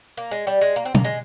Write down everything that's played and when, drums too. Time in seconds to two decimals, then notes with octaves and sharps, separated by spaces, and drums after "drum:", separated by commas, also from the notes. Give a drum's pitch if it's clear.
0.17 A#3
0.31 G#3
0.47 G3
0.61 G#3
0.76 A#3
0.85 C4
0.95 A#3, drum: tom
1.05 G#3